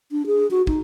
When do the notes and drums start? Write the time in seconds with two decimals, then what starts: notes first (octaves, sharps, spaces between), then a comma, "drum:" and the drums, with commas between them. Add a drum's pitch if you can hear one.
0.12 D4
0.26 G#4
0.51 F#4
0.67 D#4, drum: kick